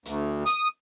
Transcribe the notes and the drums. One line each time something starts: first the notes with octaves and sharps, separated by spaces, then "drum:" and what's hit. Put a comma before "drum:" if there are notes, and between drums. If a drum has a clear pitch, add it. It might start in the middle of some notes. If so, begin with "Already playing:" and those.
D2, drum: hi-hat
D#6, drum: hi-hat